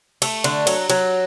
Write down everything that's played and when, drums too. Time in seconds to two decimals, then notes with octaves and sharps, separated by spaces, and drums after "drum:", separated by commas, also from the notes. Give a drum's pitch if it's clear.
0.22 A3, drum: cymbal
0.44 D3, drum: cymbal
0.67 F#3, drum: cymbal
0.90 F#3, drum: cymbal